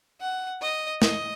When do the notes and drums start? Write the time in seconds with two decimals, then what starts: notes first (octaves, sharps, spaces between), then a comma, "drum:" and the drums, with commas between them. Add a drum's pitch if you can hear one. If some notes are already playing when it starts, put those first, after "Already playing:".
0.21 F#5
0.61 D#5
1.02 D#5, drum: snare